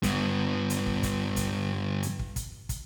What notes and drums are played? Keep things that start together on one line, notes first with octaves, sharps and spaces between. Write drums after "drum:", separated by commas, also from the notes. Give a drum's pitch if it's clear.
G2 B3, drum: kick, hi-hat
drum: hi-hat
drum: kick
drum: kick, hi-hat
drum: kick, hi-hat
drum: hi-hat
drum: kick
drum: kick, hi-hat
drum: kick, hi-hat